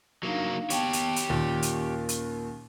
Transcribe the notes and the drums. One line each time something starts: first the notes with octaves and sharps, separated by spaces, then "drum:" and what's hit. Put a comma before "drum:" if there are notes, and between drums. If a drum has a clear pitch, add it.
F#3 A#3 D4 D#4 F5
B3 G4 C#5 G5 A5, drum: hi-hat
drum: hi-hat
drum: hi-hat
D#2 A#2 C#4
drum: hi-hat
drum: hi-hat